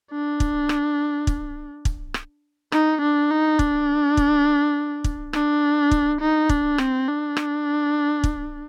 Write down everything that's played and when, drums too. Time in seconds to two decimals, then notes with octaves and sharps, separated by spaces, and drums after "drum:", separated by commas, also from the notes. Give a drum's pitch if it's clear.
0.11 D4
0.40 drum: kick
0.69 drum: rim click
1.27 drum: kick
1.85 drum: kick
2.14 drum: rim click
2.72 D#4, drum: rim click
3.02 D4
3.31 D#4
3.59 D4, drum: kick
4.17 drum: kick
5.04 drum: kick
5.33 D4, drum: rim click
5.91 drum: kick
6.21 D#4
6.49 D4, drum: kick
6.78 C4, drum: rim click
7.08 D4
7.37 drum: rim click
8.24 drum: kick